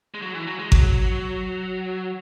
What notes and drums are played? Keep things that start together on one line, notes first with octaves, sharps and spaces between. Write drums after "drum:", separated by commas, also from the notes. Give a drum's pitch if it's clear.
G#3
F#3
E3
F#3
G#3
F#3, drum: kick G#1